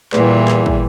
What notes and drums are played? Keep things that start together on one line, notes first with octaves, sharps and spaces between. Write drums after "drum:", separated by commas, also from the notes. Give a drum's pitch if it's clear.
E2 A#2 E3 G3, drum: clap
drum: clap
drum: kick